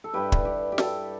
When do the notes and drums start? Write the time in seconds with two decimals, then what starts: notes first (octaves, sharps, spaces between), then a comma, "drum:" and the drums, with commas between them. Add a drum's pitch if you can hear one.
0.04 A4
0.13 G2 G3 E4 G4 B4
0.32 drum: kick
0.45 G4
0.72 G4
0.78 A4, drum: snare